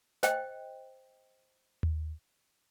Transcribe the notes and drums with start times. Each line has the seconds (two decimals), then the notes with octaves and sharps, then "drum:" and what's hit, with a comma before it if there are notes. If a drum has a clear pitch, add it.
0.23 C5 D#5 G5, drum: snare
1.83 drum: tom D#2